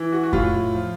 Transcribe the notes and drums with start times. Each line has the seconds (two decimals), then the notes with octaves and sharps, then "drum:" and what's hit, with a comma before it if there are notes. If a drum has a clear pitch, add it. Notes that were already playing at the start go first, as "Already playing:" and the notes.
Already playing: E3
0.12 F#4
0.23 F#4
0.33 A2 F4, drum: kick F2
0.75 F3